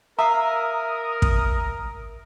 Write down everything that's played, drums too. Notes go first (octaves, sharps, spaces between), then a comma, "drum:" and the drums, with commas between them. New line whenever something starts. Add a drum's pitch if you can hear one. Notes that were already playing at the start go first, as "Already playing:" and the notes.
A#4 E5 F5 A#5 D#6
drum: kick